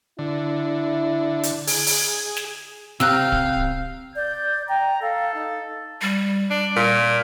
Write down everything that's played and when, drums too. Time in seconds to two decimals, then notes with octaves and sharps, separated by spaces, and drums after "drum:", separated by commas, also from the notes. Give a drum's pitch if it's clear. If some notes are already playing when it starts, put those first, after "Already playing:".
0.19 D3 E4
1.43 drum: hi-hat
1.67 G#4, drum: open hi-hat
1.87 drum: open hi-hat
2.37 drum: snare
3.00 C3 C4 F5 G5 A#5 E6 F#6, drum: snare
3.32 drum: kick D1
4.16 D5 G6
4.69 G5 A#5
5.02 A4 F5
5.34 D#4
6.02 G3
6.51 D4
6.77 A#2